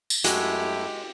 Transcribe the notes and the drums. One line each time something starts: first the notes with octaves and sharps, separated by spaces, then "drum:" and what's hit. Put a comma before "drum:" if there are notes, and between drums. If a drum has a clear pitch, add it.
drum: tambourine
F#2 G#3 A3 E4 F#4 G4, drum: hi-hat